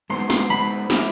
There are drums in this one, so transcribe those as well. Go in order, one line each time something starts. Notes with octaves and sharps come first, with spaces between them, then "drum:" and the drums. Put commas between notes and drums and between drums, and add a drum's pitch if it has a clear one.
G#3 B3 D#4 F#4 C6
C6, drum: snare
G#3 B3 D#4 F#4 B5
F3 A3 C#4 E4, drum: snare